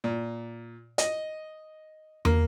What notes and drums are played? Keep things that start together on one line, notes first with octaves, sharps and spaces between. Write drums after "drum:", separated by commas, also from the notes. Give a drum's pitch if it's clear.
A#2
D#5, drum: hi-hat
A#3, drum: tom